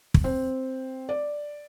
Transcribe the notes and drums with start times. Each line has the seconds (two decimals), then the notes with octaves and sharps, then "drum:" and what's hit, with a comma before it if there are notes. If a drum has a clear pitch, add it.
0.14 drum: kick
0.24 C4
1.09 D5